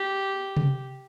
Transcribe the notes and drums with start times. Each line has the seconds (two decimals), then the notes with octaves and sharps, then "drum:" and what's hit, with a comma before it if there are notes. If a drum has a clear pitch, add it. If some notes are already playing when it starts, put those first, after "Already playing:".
Already playing: G4
0.57 drum: tom C3